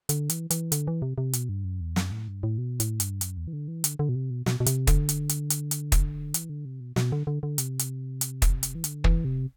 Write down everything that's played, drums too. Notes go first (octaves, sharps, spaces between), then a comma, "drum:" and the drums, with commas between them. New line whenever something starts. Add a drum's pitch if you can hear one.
D3, drum: hi-hat
E3, drum: hi-hat
E3, drum: hi-hat
D3, drum: hi-hat
E3
C3
C3
B2, drum: hi-hat
G2
F#2
E2
F#2, drum: snare
A2
G2
A2
B2
A2, drum: hi-hat
G2, drum: hi-hat
F#2, drum: hi-hat
E2
E3
D3
E3
D3, drum: hi-hat
D3
B2
C3
B2
B2, drum: snare
B2
C3, drum: hi-hat
D3, drum: kick, hi-hat
drum: hi-hat
drum: hi-hat
drum: hi-hat
drum: hi-hat
drum: kick, hi-hat
E3, drum: hi-hat
D3
C3
B2
B2, drum: snare
D3
D3
D3
C3, drum: hi-hat
drum: hi-hat
drum: hi-hat
drum: kick, hi-hat
drum: hi-hat
E3
D3, drum: hi-hat
E3, drum: kick
C3